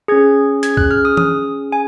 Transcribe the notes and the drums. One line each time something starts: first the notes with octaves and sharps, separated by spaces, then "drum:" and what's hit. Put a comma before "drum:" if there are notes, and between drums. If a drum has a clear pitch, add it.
C#4 G#4 G#6
G#6, drum: hi-hat
F#6, drum: kick C#2
F6
D#6
D#6, drum: tom E3
G#5